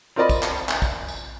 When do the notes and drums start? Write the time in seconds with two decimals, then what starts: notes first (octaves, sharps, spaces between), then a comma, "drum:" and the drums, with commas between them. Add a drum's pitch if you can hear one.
0.16 C4 F4 A#4 D5 D#5 B5
0.29 drum: kick, tambourine
0.43 drum: clap
0.56 drum: tambourine
0.69 drum: clap
0.82 drum: kick, tambourine
1.08 drum: tambourine